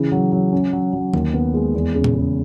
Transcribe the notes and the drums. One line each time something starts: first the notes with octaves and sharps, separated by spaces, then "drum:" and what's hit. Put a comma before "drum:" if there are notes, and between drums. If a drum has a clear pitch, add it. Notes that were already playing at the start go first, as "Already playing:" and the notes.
Already playing: C#3 E3
F#3
F#3
C#4
F#3
F#3
D#2, drum: tom D3
B3
G#3
E2
C#3
drum: tom A#2
C#3